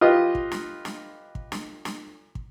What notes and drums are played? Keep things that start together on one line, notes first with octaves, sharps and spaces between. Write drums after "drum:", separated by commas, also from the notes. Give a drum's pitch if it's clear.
F4 G4 B4 D#5
drum: kick
drum: snare
drum: snare
drum: kick
drum: snare
drum: snare
drum: kick